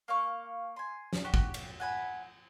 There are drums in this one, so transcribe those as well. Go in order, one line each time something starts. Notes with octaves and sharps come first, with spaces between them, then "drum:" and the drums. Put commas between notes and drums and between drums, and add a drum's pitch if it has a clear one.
A#3 F5 C#6
G#5 C6
drum: snare
F#4 G4
drum: kick
drum: cymbal
F#5 G#5 B5